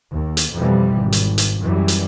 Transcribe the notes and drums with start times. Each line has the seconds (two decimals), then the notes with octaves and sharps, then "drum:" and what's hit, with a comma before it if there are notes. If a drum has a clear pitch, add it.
0.12 D#2
0.37 drum: hi-hat
0.54 F2 B2 E3 F3 G3
0.96 G#1
1.12 drum: hi-hat
1.38 drum: hi-hat
1.61 F#2 E3 G3
1.88 drum: hi-hat